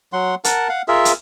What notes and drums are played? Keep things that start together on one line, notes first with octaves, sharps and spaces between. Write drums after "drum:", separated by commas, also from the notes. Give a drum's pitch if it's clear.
F#3 F#5 C6
A#4 F#5 A5, drum: hi-hat
F5 F#5
F4 G#4 A#4 E5
drum: hi-hat